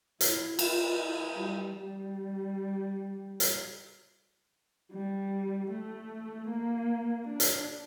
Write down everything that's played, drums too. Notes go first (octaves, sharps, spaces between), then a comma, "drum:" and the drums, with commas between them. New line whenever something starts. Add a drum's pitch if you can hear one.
E4, drum: hi-hat
F4, drum: cymbal
E4
G3
G3
drum: hi-hat
G3
A3
A#3
D4
drum: hi-hat